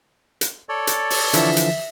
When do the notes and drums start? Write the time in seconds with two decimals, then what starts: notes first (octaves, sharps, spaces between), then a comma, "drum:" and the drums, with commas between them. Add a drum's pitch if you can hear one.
0.41 drum: hi-hat
0.69 A4 C#5 D5
0.87 drum: hi-hat
1.10 drum: open hi-hat
1.33 D3 E3 F3 E5, drum: hi-hat
1.57 drum: hi-hat